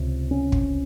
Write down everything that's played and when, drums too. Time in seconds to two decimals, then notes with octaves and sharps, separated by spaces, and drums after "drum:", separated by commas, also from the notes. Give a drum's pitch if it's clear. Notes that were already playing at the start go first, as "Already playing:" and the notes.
Already playing: C#2 C3
0.31 C#4
0.52 drum: kick